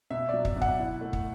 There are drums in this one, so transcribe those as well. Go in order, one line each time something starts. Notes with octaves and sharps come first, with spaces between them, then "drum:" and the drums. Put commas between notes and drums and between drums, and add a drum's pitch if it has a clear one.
B2 E5
F#3 D5
E5, drum: kick
B2
F#5, drum: kick
E4
A3
drum: kick